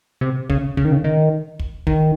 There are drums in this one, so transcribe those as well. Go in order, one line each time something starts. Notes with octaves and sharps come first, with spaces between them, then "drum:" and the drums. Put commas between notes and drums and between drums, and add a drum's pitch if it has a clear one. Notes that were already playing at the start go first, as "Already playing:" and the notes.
C3
C#3, drum: kick
C#3, drum: kick
D#3
C#3
D#3
drum: kick
D#3, drum: kick